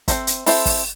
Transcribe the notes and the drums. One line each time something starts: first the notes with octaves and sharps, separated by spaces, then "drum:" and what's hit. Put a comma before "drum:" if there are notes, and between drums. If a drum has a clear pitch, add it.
C4 E4 A4 C5 E5, drum: kick, hi-hat
drum: hi-hat
C4 E4 A4 C5 E5, drum: open hi-hat
drum: kick, open hi-hat